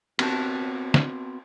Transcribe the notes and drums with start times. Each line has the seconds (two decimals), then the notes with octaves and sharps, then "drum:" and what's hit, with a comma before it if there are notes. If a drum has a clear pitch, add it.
0.19 B3 C4 F#4 A5, drum: cymbal
0.94 drum: snare